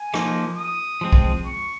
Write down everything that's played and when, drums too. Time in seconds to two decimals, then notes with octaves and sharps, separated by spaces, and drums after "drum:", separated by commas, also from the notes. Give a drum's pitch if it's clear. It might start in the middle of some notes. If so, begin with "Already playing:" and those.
Already playing: G#5
0.14 F3 A#3 D#4, drum: rim click
0.57 D#6
1.01 F3 G#3 C4
1.13 drum: kick B1
1.45 C#6